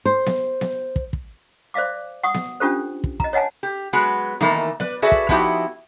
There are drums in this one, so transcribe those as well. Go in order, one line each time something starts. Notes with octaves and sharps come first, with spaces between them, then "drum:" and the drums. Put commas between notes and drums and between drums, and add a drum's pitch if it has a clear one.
C5
drum: snare B3
drum: snare B3
drum: kick
drum: kick
C5 D5 E5 F5 D6
F#5 C#6 D#6
drum: snare B3
C#4 D4 F4 G4 A4 C5
drum: kick
D#5 A#5, drum: kick
C#5 D#5 F#5 G#5 A5
G4
F#3 G#3 B3 F#4
D#3 E3 A3 A#3 D#4, drum: snare B3
B4 D5, drum: snare B3
F#4 G#4 A4 B4 D5 E5
drum: kick
F3 B3 D#4 E4 F#4 G4, drum: kick